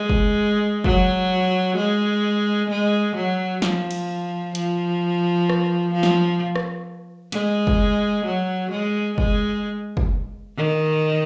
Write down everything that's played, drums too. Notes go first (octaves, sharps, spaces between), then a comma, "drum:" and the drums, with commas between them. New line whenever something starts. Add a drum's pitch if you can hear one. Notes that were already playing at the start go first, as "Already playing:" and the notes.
Already playing: G#3
drum: kick
F#3, drum: kick
G#3
G#3
F#3
F3, drum: snare
drum: cymbal
F3, drum: hi-hat
drum: rim click
F3
drum: snare
drum: rim click
G#3, drum: hi-hat
drum: kick
F#3
G#3
G#3, drum: kick
drum: kick
D#3